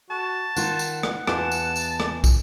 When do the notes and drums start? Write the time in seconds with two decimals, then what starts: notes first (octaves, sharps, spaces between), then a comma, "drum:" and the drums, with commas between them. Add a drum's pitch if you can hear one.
0.10 F#4 A5
0.56 D#3 F4 F#5, drum: tambourine
0.79 drum: tambourine
1.03 drum: rim click
1.27 E2 F4 A5, drum: rim click
1.52 drum: tambourine
1.76 drum: tambourine
2.00 drum: rim click
2.24 drum: kick, tambourine